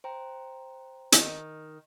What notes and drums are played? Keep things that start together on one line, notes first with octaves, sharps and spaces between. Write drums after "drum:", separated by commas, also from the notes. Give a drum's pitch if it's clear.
C5 G5 A#5
D#3, drum: hi-hat